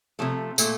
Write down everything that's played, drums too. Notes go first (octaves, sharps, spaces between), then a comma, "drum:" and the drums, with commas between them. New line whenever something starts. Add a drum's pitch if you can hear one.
C3 F3 A3
A#2 A3, drum: tambourine